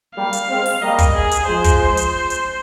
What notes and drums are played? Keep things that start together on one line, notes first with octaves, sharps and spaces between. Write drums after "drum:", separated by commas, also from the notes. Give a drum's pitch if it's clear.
G3 A#3 F5
drum: hi-hat
G#3 C4
drum: open hi-hat
G3 A#3 D#5
drum: kick, hi-hat
G#4
drum: hi-hat
F3 G#3 C5
drum: kick, hi-hat
drum: hi-hat
drum: hi-hat